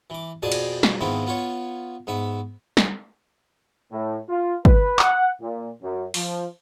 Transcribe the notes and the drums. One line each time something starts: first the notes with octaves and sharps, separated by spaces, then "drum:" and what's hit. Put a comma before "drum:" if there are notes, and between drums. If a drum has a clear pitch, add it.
E3 D6
F2 B2 G#4 D5 A5 D#6
drum: cymbal
drum: snare
G#2 D#3 B3 C4 E4 F4
B3 F4 C#5
G#2 B3 E5
drum: snare
A2
F4
B4, drum: kick
F#5, drum: clap
A#2
F#2
F3, drum: open hi-hat